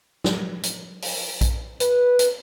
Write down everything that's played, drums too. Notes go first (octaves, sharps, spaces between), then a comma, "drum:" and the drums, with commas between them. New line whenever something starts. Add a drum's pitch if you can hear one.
drum: snare
drum: hi-hat
drum: open hi-hat
drum: kick A#1, hi-hat
B4, drum: hi-hat
drum: hi-hat